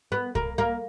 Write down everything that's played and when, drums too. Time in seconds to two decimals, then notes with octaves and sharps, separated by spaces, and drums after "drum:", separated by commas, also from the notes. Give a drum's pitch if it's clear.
0.12 B3
0.35 A#3, drum: kick C2
0.58 A#3